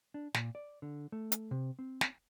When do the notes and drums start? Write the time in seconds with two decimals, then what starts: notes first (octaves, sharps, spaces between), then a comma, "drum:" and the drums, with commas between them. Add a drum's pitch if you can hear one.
0.14 D4
0.34 A#2, drum: snare
0.55 D5
0.82 D3
1.12 A3
1.32 drum: hi-hat
1.51 C3
1.79 C4
2.01 drum: snare